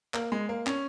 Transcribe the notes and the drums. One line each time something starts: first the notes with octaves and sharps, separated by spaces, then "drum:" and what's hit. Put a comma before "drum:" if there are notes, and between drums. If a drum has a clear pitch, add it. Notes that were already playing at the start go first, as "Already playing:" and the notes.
A#3, drum: clap
G#3
A#3
C#4, drum: clap